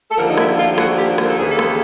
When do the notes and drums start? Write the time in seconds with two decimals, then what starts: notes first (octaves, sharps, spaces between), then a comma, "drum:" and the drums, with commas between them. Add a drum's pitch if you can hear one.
0.11 A4
0.17 D#2 D3 F3 A#4
0.27 D#4
0.37 E4, drum: rim click
0.57 F4
0.78 F#4, drum: rim click
0.98 G4
1.18 A#4, drum: rim click
1.29 A4
1.38 D#2 C#3 E3 G#4
1.49 A4
1.59 drum: rim click